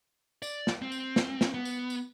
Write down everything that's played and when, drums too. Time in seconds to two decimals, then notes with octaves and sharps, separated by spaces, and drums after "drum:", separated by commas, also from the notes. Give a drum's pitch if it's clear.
0.42 D5, drum: tambourine
0.67 drum: snare
0.82 C4
0.92 drum: tambourine
1.16 drum: snare
1.41 drum: snare
1.54 B3
1.65 drum: tambourine
1.90 drum: tambourine